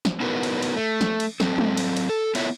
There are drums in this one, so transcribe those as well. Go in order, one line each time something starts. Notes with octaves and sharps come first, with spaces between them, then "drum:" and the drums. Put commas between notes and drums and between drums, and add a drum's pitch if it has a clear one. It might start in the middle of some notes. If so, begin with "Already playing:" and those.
drum: snare
B3 D#4 E4 F#4 A#4 B4
drum: cymbal
drum: cymbal
A3
drum: snare
drum: cymbal
F#3 C4 A4, drum: snare
drum: tom
drum: cymbal
drum: cymbal
A4
B3 E4 F4 C#5 E5, drum: cymbal